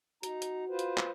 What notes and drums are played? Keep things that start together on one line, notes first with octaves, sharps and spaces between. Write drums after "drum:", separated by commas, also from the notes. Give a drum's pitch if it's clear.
D#4 F#4 A#5, drum: hi-hat
drum: hi-hat
F4 B4 C5
drum: hi-hat
drum: clap